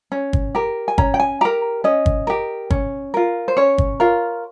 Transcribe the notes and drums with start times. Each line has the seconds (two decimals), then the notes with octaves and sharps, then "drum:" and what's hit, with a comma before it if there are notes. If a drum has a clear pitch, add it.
0.12 C#4
0.33 drum: kick G1
0.55 G4 A#4
0.88 G#5
0.98 C#4 A#5, drum: kick G1
1.14 G5
1.20 G#5
1.41 G4 A#4 A#5
1.84 C#4 D#5
2.06 drum: kick G1
2.27 G4 A#4
2.70 C#4, drum: kick G1
3.14 F4 A#4
3.48 C5
3.57 C#4 C#5
3.78 drum: kick G1
4.00 F4 A#4